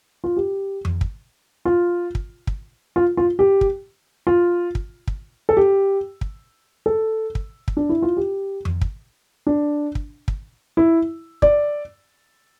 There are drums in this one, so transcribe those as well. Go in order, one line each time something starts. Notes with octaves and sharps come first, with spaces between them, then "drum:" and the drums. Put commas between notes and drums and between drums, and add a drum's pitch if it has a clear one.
F4
G4
drum: tom F2
drum: kick
F4
drum: kick
drum: kick
F4
F4
G4
drum: kick
F4
drum: kick
drum: kick
A4
G4
drum: kick
A4
drum: kick
drum: kick
D4
E4
F4
G4
drum: tom F2
drum: kick
D4
drum: kick
drum: kick
E4
D5, drum: kick